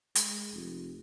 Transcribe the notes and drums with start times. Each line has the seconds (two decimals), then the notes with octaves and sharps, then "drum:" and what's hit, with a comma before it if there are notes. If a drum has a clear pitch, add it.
0.15 G#3, drum: hi-hat
0.53 F1